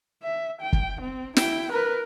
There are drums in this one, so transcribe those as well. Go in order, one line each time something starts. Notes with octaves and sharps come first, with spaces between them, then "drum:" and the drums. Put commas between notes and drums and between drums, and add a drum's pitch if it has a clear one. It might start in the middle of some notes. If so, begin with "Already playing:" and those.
E5
G5
drum: kick
C4
E4 G5, drum: snare
A#4 B4